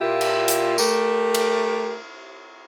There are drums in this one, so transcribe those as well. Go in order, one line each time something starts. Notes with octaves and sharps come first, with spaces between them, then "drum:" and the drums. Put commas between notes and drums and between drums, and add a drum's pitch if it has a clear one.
A#2 A#3 E4 F4 G4
drum: cymbal
drum: hi-hat
A3 G4 A#4, drum: tambourine
drum: cymbal